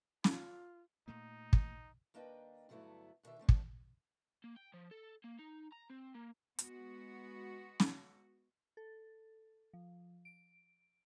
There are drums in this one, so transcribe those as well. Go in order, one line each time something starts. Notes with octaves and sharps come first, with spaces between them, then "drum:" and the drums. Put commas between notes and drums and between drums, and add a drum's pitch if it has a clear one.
F4, drum: snare
A#2 A3 A#3 D#4
drum: kick
D#2 A#3 D4 B4 D#5 G5
G2 D3 F#3 A3 B3 E4
G2 B2 D3 D#3 E5
F3 A3 C4 D4
drum: kick
A#3
G5
F3
A4
A#3
D#4
A#5
C4
A#3
G#3 B3 F#4, drum: hi-hat
drum: snare
A4
F3
D7